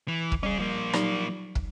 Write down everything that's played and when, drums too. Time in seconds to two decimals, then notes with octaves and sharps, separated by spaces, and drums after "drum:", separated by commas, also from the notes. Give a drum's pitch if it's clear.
0.08 E3
0.32 drum: kick
0.43 G3 C#4 G#4
0.58 F3 A#3
0.93 F#3 D#4 G4, drum: rim click
1.55 drum: kick